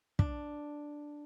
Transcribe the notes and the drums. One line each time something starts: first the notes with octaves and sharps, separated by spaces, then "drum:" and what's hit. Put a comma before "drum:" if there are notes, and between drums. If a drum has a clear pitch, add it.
D4, drum: kick